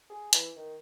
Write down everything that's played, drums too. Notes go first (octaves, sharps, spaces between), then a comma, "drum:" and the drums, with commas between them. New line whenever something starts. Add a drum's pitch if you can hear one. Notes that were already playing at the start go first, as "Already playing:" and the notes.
G#4
E3, drum: hi-hat
D#3